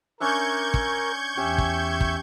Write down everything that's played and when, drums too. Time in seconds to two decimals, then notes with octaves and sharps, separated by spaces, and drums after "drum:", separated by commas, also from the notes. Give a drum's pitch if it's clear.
0.20 C#4 D4 A#4 E5 C#6 G6 G#6
0.74 drum: kick
1.37 E2 C#4 G4 E5
1.58 drum: kick
2.01 drum: kick